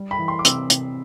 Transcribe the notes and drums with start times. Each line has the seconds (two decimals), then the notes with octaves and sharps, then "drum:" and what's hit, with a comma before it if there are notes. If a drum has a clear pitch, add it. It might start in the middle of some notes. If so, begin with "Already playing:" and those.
Already playing: G3
0.11 B5
0.19 E3
0.28 C6
0.39 D6
0.45 C3 E6, drum: hi-hat
0.70 C3, drum: hi-hat